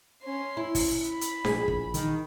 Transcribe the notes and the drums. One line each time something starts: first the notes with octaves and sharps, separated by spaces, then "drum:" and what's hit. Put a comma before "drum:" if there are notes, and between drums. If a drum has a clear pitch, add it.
C#4 C6
E4
drum: kick, open hi-hat
B5
drum: hi-hat
A#1 G#4, drum: snare D4
drum: kick
D#3, drum: hi-hat